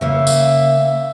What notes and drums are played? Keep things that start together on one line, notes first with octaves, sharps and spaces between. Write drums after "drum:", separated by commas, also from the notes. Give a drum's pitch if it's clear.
C#3 A#3 E5
drum: tambourine